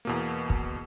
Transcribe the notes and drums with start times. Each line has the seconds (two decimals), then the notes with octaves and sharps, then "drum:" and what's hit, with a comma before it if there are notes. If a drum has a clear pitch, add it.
0.05 E2 B2 A#3
0.50 drum: kick